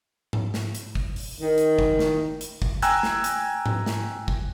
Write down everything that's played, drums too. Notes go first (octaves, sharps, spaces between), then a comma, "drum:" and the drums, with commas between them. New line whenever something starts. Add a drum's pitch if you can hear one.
drum: tom G#2
drum: snare
drum: hi-hat
drum: kick G1
drum: open hi-hat
D#3
drum: hi-hat
drum: kick G1
drum: snare
drum: hi-hat
drum: kick G1
G5 G#5 A#5 E6 F#6 G#6, drum: hi-hat
drum: snare
drum: hi-hat
drum: tom G#2
drum: snare
drum: kick G1